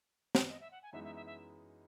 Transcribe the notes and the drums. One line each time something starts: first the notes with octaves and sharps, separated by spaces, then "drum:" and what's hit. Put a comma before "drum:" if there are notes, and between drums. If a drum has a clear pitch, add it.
drum: snare
D#5
E5
F#5
G#5
F#2 E3 G#3 B3 D#4 E5
E5
E5
E5